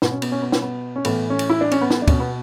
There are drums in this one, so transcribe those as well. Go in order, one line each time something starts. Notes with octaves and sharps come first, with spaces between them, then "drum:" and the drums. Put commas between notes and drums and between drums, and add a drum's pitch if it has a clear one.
B2 B3, drum: snare
C#4
B3, drum: cymbal
C#4
B3
C#4, drum: snare
B3
C#4
A2 E3 B3, drum: cymbal
C#4
drum: cymbal
E4
D4
C#4, drum: cymbal
B3
drum: snare
D4
B2 C#4, drum: kick, cymbal
B3